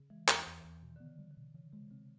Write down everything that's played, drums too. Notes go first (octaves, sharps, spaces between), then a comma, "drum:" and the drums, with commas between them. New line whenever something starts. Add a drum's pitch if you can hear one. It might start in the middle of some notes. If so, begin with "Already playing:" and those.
Already playing: C#3
E3 G#3
E2, drum: clap
E2 E3
E2
B2 D#3
D3 B3
C#3
G3
D3
B2
C#3 E3
C3 G#3
C#3 C4